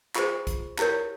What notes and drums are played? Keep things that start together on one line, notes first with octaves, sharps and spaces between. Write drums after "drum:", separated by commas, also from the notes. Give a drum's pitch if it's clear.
F4 G#4 C5 C#6, drum: clap
drum: kick B1, hi-hat
E4 G4 A#4 C#5, drum: clap